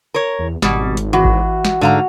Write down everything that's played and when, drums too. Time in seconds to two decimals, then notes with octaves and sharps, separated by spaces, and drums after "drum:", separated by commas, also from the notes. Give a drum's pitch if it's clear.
0.14 A#4 C#5
0.39 E2
0.62 G#1 B2 G3, drum: snare
0.97 drum: hi-hat
1.13 E3 F#4
1.25 drum: kick G#1
1.65 drum: snare
1.81 G#2 D3 F5 A#5